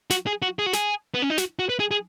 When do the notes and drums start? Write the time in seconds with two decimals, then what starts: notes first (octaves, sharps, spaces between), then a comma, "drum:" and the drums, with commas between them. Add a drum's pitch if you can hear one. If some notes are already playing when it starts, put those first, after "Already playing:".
0.10 F#4, drum: snare
0.27 G#4
0.42 F#4
0.59 G#4
0.66 F#4
0.73 G#4, drum: snare
1.14 B3
1.22 C#4
1.30 D#4
1.38 F#4, drum: snare
1.59 F#4
1.69 B4
1.80 G#4
1.91 G#4